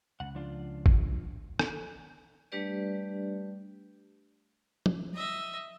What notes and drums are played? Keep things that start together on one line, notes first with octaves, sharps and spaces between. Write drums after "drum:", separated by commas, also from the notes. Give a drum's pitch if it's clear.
C#2 F#5
F3 D4 F4
drum: kick G#1
drum: rim click
G3 A3 D4 G4 B4 D5
drum: tom
D#5 E5